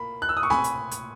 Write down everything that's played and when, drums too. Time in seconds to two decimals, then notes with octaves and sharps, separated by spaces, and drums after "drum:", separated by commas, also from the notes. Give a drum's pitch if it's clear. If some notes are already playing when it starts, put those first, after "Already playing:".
Already playing: A#3 B5
0.22 F#6
0.29 E6
0.37 D#6
0.43 C#6
0.50 G#5 B5, drum: snare C4
0.64 drum: hi-hat
0.91 drum: hi-hat